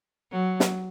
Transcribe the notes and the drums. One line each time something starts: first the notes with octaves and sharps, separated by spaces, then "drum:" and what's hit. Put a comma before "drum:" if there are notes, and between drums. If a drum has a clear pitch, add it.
F#3
drum: snare